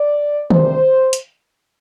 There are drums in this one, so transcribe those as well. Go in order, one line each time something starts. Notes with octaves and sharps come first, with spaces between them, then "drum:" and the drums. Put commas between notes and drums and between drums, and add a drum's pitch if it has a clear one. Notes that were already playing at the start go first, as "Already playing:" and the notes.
Already playing: D5
D2 C3 G3 C5, drum: tom D#3
drum: hi-hat